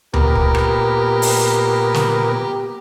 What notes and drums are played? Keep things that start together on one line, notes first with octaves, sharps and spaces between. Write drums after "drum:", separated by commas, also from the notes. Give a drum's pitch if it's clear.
A#2 B3 G4 A#4, drum: tom D2
drum: kick
drum: rim click
drum: open hi-hat
drum: snare